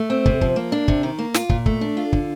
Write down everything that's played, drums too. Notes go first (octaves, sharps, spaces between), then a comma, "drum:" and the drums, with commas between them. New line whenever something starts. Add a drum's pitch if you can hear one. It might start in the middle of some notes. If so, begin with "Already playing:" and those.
Already playing: A3
C4
C3, drum: kick
F3, drum: kick
A#3
D4
C3, drum: kick
D#3
A#3
F4, drum: snare
A#2, drum: kick
A3, drum: kick
D4
F4
D3, drum: kick